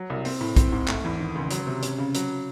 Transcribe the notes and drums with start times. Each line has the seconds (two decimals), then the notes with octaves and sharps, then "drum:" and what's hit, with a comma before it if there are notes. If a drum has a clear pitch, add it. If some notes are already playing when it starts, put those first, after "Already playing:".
Already playing: F#3
0.10 C2
0.25 C4, drum: open hi-hat
0.41 A2
0.56 C4, drum: kick, hi-hat
0.72 G#2
0.88 A3, drum: clap
1.04 E2
1.20 D#3
1.35 C#2
1.51 F#3, drum: hi-hat
1.67 C3
1.83 C#4, drum: hi-hat
1.98 C#3
2.15 F#3, drum: hi-hat